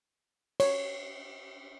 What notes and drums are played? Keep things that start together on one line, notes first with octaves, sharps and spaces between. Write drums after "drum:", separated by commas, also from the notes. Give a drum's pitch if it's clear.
C#5, drum: cymbal